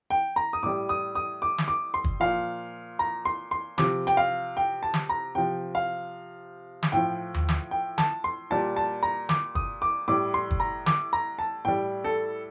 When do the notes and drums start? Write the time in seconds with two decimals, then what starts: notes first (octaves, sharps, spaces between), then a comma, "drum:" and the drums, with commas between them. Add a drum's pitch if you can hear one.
0.10 G5
0.36 A#5
0.53 D#6
0.63 A2 G3 D6
0.89 D#6
1.15 D#6
1.42 D6
1.58 drum: snare
1.68 D6
1.94 C6
2.04 drum: kick
2.20 A#2 F3 F5
2.99 A#5
3.25 C6
3.51 C6
3.78 C3 F3 D6, drum: snare
4.07 G5, drum: hi-hat
4.17 F5
4.57 G5
4.83 A5
4.94 drum: snare
5.09 A#5
5.35 C3 F3 G5
5.75 F5
6.83 drum: snare
6.92 A2 F3 G5
7.34 drum: tom D#2
7.49 drum: snare
7.71 G5
7.98 A5, drum: snare
8.24 C6
8.51 A#2 G3 A5
8.76 A5
9.03 A#5
9.29 D6, drum: snare
9.55 D#6, drum: kick
9.82 D6
10.08 A2 G3 D6
10.34 C6
10.51 drum: kick
10.60 A#5
10.86 D6, drum: snare
11.13 A#5
11.39 A5
11.65 A2 G3 G5
12.04 A4